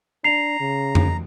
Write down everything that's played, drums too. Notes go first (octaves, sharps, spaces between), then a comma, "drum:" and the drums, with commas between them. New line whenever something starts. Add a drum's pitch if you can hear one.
D4 A#5 C7 F7
C#3
drum: tom F2